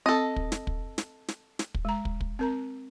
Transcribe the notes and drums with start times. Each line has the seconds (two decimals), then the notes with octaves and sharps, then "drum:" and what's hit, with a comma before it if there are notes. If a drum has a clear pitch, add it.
0.06 C4 A4 D#5
0.36 drum: kick
0.52 drum: snare
0.67 drum: kick
0.98 drum: snare
1.28 drum: snare
1.59 drum: snare
1.74 drum: kick
1.85 G#3 A#5
2.05 drum: kick
2.21 drum: kick
2.39 C4 A#4 A#5